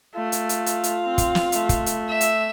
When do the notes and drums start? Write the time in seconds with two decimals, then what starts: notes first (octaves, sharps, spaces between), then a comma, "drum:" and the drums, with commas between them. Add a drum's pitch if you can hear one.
0.15 A3 F4
0.32 drum: hi-hat
0.49 drum: hi-hat
0.66 drum: hi-hat
0.84 drum: hi-hat
1.04 C4
1.18 drum: kick, hi-hat
1.35 drum: snare
1.52 A3, drum: hi-hat
1.69 drum: kick, hi-hat
1.86 drum: hi-hat
2.09 E5
2.21 drum: hi-hat